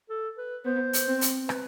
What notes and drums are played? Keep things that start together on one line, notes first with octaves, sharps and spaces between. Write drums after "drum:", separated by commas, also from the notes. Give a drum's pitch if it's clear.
A4
B4
B3 C5
drum: hi-hat
C4
drum: hi-hat
B4, drum: rim click